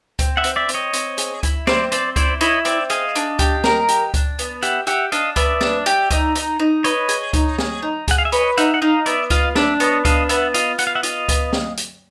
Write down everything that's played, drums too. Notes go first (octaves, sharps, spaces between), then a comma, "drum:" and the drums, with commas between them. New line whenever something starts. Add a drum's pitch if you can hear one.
C4, drum: kick C#2, hi-hat
E5 F#5
C4, drum: hi-hat
D5 E5
C4, drum: hi-hat
C#5 D#5
C4, drum: hi-hat
G#4, drum: hi-hat
E4, drum: kick C#2, hi-hat
C4 C5 D5, drum: snare
C4 C5 D5, drum: hi-hat
E4 C5 D5, drum: kick C#2, hi-hat
E4 C#5 D#5, drum: hi-hat
C4 D5 E5, drum: hi-hat
G#4 D#5 F5, drum: hi-hat
D4, drum: hi-hat
G4, drum: kick C#2, hi-hat
A#4, drum: snare
G4, drum: hi-hat
D4, drum: kick C#2, hi-hat
B3, drum: hi-hat
G4 E5 F#5, drum: hi-hat
G4 E5 F#5, drum: hi-hat
D4 D#5 F5, drum: hi-hat
B3 D5 E5, drum: kick C#2, hi-hat
D4, drum: snare
G4, drum: hi-hat
D#4, drum: kick C#2, hi-hat
D#4, drum: hi-hat
D#4
B4 C#5 D#5, drum: hi-hat
G#4, drum: hi-hat
D#4, drum: kick C#2, hi-hat
G#4, drum: snare
D#4
G#4 F#5, drum: kick C#2, hi-hat
F5
E5
B4 C#5 D#5, drum: hi-hat
D#4 E5 F#5, drum: hi-hat
F#5
D#4 D#5 F5
B3 D5 E5, drum: hi-hat
F4 D#5 F5, drum: kick C#2, hi-hat
D4 D5 E5, drum: snare
B3 C#5 D#5, drum: hi-hat
D4 D#5 F5, drum: kick C#2, hi-hat
B3 E5 F#5, drum: hi-hat
F4 D#5 F5, drum: hi-hat
B3 F#5, drum: hi-hat
F5
E5 F#5
F4 D#5 F5, drum: hi-hat
B3, drum: kick C#2, hi-hat
drum: snare
drum: hi-hat